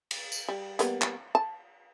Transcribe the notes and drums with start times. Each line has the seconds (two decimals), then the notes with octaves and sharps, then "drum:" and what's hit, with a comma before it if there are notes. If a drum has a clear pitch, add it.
0.11 drum: cymbal
0.32 drum: tambourine
0.48 G3
0.79 G3 A#3 B3, drum: hi-hat
1.01 drum: clap
1.35 A5